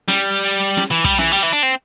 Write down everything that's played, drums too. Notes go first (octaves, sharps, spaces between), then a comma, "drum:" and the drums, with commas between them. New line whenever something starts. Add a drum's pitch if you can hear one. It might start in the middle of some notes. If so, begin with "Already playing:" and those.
G3, drum: snare
drum: snare
E3
G3, drum: kick
E3, drum: snare
G3
E3
D4
C4